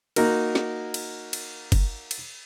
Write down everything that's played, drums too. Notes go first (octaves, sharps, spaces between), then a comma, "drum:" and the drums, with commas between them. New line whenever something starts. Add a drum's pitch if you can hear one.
A#3 D#4 F#4 A#4, drum: cymbal
drum: snare
drum: cymbal
drum: cymbal
drum: kick, cymbal
drum: cymbal